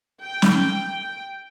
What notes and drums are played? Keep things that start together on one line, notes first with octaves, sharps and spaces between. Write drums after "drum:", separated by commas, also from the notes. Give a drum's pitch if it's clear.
G5
drum: snare